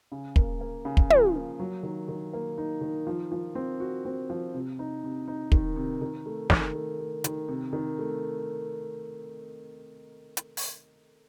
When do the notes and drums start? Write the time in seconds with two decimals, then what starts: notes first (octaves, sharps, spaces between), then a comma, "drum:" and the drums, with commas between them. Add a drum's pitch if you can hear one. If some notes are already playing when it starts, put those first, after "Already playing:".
0.12 C#3
0.36 A#3, drum: kick
0.61 A#3
0.85 C#3
0.97 drum: kick
1.10 F3, drum: tom
1.35 A#3
1.59 F#3
1.83 D#3
2.08 D#3
2.33 A#3
2.58 D#4
2.81 D#3
3.07 F3
3.32 F3
3.55 C4
3.80 F#4
4.05 C4
4.30 F3
4.54 C3
4.79 D#4
5.04 C3
5.28 D#4
5.52 D#3, drum: kick
5.76 C3
6.02 D#3
6.26 A3
6.50 D#3, drum: snare
6.75 A3
6.99 A3
7.24 D#3, drum: hi-hat
7.48 C3
7.73 D#3
7.98 A3
10.37 drum: hi-hat
10.57 drum: open hi-hat